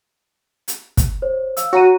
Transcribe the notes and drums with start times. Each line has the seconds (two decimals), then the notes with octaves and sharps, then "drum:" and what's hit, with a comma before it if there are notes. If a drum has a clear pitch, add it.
0.68 drum: hi-hat
0.97 drum: kick, hi-hat
1.22 C5 C#5
1.57 F5 E6, drum: hi-hat
1.73 F#4 C#5 A#5 D#7